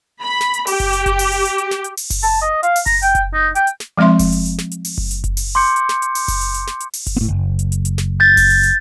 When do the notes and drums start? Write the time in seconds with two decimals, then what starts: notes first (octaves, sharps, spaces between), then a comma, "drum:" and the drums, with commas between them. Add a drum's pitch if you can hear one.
0.21 B5
0.41 drum: snare
0.54 drum: hi-hat
0.67 G4, drum: open hi-hat
0.80 drum: kick F#1, hi-hat
0.93 drum: hi-hat
1.06 drum: kick F#1, hi-hat
1.19 drum: open hi-hat
1.32 drum: hi-hat
1.45 drum: hi-hat
1.58 drum: hi-hat
1.71 drum: snare
1.84 drum: hi-hat
1.97 drum: open hi-hat
2.10 drum: kick F#1, open hi-hat
2.23 A5, drum: hi-hat
2.42 D#5
2.63 F5, drum: hi-hat
2.76 drum: open hi-hat
2.86 A#5, drum: kick F#1, hi-hat
3.02 G5, drum: hi-hat
3.15 drum: kick F#1, hi-hat
3.34 D#4
3.55 G5, drum: hi-hat
3.67 drum: hi-hat
3.80 drum: snare
3.98 F3 G#3 C4 E5 C6
4.19 drum: kick F#1, open hi-hat
4.32 drum: hi-hat
4.45 drum: hi-hat
4.58 drum: snare
4.71 drum: hi-hat
4.85 drum: open hi-hat
4.98 drum: kick F#1
5.11 drum: hi-hat
5.24 drum: kick F#1, hi-hat
5.37 drum: open hi-hat
5.55 C6 D6 G6 C#7
5.76 drum: hi-hat
5.89 drum: snare
6.02 drum: hi-hat
6.15 drum: open hi-hat
6.28 drum: kick F#1, open hi-hat
6.41 drum: hi-hat
6.54 drum: hi-hat
6.67 drum: snare
6.80 drum: hi-hat
6.93 drum: open hi-hat
7.07 drum: kick F#1, hi-hat
7.17 A2 B3
7.29 F#1
7.59 drum: hi-hat
7.72 drum: hi-hat
7.85 drum: hi-hat
7.98 drum: snare
8.20 G6 A6
8.37 drum: kick F#1, open hi-hat
8.50 drum: hi-hat
8.63 drum: hi-hat